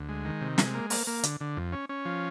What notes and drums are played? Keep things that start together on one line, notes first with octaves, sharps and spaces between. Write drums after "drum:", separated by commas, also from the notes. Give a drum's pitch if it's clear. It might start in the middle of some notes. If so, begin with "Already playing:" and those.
Already playing: D2
G#3
D#3
C3
G#3, drum: snare
A#3
A#3, drum: open hi-hat
A#3
D3, drum: hi-hat
D3
F2
C#4
C#4
F3